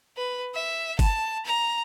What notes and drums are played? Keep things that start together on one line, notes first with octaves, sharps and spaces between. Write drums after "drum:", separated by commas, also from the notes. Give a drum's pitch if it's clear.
B4
E5
A5, drum: kick G1, open hi-hat
A#5